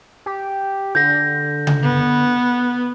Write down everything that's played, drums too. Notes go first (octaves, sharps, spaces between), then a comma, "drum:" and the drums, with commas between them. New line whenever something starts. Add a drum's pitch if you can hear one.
G4
D3 G6 A#6
drum: tom C#3
B3